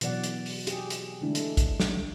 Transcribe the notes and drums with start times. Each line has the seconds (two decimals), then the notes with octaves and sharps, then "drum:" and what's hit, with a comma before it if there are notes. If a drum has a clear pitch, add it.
0.01 B2 E3 F#3 D5 F#5, drum: hi-hat
0.24 drum: hi-hat
0.46 drum: open hi-hat
0.67 G4 G#4, drum: hi-hat
0.90 drum: hi-hat
1.21 D3 E3 G#3 A3 D4 E4
1.35 drum: hi-hat
1.57 drum: kick, hi-hat
1.80 drum: snare